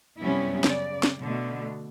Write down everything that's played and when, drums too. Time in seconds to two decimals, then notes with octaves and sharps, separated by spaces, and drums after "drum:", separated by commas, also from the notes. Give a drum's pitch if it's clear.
0.20 F#2 C3 G3 B3 C#4 E4
0.64 C#3 D5, drum: snare
1.03 drum: snare
1.21 B2 D3 A3